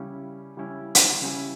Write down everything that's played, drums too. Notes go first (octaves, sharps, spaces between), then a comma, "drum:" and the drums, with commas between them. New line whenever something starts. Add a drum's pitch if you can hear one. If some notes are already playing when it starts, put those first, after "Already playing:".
Already playing: C#3 G3 C#4 E4
C#3 G3 C#4 E4
drum: hi-hat
C#3 G3 C#4 E4